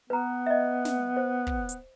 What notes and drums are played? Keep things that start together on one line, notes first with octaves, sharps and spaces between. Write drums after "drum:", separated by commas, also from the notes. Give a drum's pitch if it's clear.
B3 B4 A#5
D#5 E5
drum: snare
C5
drum: kick
drum: hi-hat